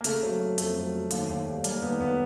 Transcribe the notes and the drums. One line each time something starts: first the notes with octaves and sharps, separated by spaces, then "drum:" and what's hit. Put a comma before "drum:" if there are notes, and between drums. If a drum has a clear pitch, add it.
A#3
C#3 A3, drum: hi-hat
F#3
F#3
F2 A3, drum: hi-hat
F#3
F#3
D#2, drum: hi-hat
D#2
G3
G3 A#3, drum: hi-hat
D#2 B3
D#2 B3